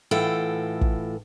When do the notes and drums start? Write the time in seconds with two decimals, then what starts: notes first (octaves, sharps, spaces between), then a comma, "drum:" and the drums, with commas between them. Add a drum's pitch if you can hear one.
0.11 A2 E3 F4 A4 F#5 G5
0.81 drum: kick